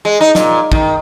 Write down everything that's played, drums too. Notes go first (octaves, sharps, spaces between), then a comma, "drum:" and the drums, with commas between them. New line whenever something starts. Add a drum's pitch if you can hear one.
G#3
D#4
A#2, drum: snare
D#3, drum: kick